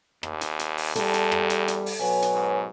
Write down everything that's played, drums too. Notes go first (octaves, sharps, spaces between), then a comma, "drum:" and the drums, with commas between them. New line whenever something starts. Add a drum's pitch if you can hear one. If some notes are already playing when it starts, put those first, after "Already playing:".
D#2, drum: rim click
drum: hi-hat
drum: hi-hat
drum: open hi-hat
E2 G3 A4, drum: hi-hat
drum: hi-hat
drum: rim click
drum: hi-hat
drum: hi-hat
drum: open hi-hat
B2 F#3 B4 C#5 G#5
drum: hi-hat
G#2